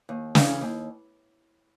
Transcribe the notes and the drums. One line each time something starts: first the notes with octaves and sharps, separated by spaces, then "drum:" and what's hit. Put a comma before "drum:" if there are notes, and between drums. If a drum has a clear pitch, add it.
D#2
C#3 E3, drum: snare
D#2